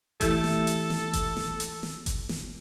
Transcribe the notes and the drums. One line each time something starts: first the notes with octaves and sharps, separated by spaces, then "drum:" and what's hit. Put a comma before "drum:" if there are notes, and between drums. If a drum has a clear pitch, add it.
E3 A3 E4 G4 A4, drum: kick G1, hi-hat
drum: snare
drum: hi-hat
drum: snare
drum: kick G1, hi-hat
drum: snare
drum: hi-hat
drum: snare
drum: kick G1, hi-hat
drum: snare